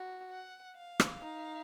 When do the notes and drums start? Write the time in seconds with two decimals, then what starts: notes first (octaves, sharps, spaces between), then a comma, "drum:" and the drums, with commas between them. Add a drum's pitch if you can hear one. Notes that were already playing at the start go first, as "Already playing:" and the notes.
Already playing: F#4
0.31 F#5
0.76 F5
1.00 drum: rim click
1.22 D#4